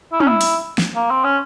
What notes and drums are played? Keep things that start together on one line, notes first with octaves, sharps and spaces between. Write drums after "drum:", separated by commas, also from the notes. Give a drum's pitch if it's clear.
E4
C#4, drum: tom
E4
drum: open hi-hat
drum: snare
A#3
C4
C#4